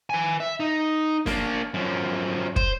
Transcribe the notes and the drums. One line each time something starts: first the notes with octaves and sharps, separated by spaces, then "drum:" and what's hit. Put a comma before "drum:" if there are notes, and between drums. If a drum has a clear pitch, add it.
B4 G#5
E5
D#4
A#3 D4, drum: snare
F#2 F3
C5, drum: kick